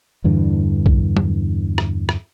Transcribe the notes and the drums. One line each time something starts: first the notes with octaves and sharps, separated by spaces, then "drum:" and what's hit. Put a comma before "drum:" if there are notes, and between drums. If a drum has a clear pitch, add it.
E2 G2 D3 E3
drum: kick B1
drum: tom
drum: rim click
drum: rim click